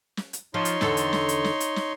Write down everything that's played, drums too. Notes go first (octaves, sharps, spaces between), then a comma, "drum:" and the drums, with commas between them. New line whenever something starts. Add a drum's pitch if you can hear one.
drum: snare
drum: hi-hat
F3 D#4 C#5 C6
drum: hi-hat
E2 D3 A4, drum: snare
drum: hi-hat
drum: snare
drum: hi-hat
drum: snare
drum: hi-hat
drum: snare